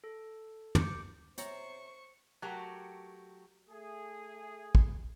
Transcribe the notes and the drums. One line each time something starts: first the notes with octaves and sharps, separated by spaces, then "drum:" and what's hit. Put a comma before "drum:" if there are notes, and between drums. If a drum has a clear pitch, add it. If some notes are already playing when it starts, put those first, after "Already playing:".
A4
D6 G6 C#7, drum: tom
C3 C5 C#5 A#5 C#6, drum: hi-hat
F#3 A3 F#4 G4 A#4
A3 G#4
drum: kick